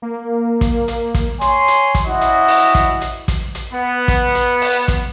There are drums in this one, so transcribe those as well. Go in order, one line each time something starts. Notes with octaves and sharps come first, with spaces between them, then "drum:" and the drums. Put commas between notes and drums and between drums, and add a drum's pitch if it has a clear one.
A#3
drum: kick, hi-hat
drum: hi-hat
drum: kick, hi-hat
C#5 G#5 C6, drum: hi-hat
drum: hi-hat
drum: kick, hi-hat
C#4 E4 F#4 D#5
drum: hi-hat
drum: open hi-hat
drum: kick, hi-hat
drum: hi-hat
drum: kick, hi-hat
drum: hi-hat
B3
drum: kick, hi-hat
drum: hi-hat
drum: open hi-hat
drum: kick, hi-hat